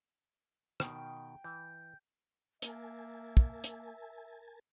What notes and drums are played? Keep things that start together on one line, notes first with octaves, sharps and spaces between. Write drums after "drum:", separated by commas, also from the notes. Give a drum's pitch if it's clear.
B2 D#3 G5, drum: rim click
E3 G6
A#3 A#4 E5 G#5 A5, drum: hi-hat
drum: kick
drum: hi-hat